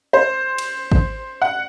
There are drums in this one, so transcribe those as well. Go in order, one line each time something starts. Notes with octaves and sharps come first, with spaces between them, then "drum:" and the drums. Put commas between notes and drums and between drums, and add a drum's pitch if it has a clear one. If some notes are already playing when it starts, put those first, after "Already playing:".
C5
drum: cymbal
drum: kick G#1
F#5